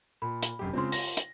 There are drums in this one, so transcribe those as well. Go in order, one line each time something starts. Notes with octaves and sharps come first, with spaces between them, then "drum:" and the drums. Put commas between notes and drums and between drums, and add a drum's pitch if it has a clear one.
A#2 B5
drum: hi-hat
F1 F#2 G4
C#3 G#3 C4 F4 C6
A#6, drum: open hi-hat
drum: hi-hat